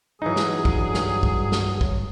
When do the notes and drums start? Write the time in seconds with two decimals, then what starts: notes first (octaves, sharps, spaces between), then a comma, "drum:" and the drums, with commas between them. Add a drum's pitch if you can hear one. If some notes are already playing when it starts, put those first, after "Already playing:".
0.22 G2 E3 F#3 D#4 G#4
0.36 drum: snare
0.65 drum: kick
0.94 drum: snare
1.23 drum: kick
1.52 drum: snare
1.81 drum: kick